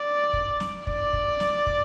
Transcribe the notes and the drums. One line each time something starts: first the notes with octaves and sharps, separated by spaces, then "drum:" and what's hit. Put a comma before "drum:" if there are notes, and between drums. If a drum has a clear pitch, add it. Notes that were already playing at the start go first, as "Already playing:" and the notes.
Already playing: D5
drum: kick
drum: snare
D5, drum: kick
drum: kick
drum: snare
drum: kick